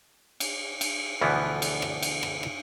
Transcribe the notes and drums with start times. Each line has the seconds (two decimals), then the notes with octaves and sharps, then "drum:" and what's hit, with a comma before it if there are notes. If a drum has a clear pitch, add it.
0.40 drum: cymbal
0.81 drum: cymbal
1.21 D2 B2 E3 F3 B3
1.62 drum: cymbal
1.82 drum: rim click
2.02 drum: cymbal
2.23 drum: rim click
2.43 drum: rim click